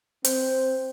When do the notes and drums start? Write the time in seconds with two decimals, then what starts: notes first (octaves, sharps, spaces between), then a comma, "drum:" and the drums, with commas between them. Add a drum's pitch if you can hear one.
0.25 C4 C5, drum: hi-hat